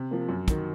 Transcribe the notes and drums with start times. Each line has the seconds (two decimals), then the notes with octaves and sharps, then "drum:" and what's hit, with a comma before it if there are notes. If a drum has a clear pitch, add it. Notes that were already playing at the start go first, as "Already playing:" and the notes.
Already playing: C3
0.11 F3 A#3
0.29 F#2
0.48 D#3 F#3, drum: kick, hi-hat